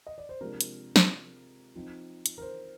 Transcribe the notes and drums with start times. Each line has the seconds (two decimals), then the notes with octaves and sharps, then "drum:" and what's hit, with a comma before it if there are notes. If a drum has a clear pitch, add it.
0.07 D#5
0.18 D5
0.29 C5
0.41 C3 F3 G#3 D4 A#4
0.61 drum: hi-hat
0.96 drum: snare
1.75 F3 C4 D#4
2.26 drum: hi-hat
2.38 A#4
2.41 C5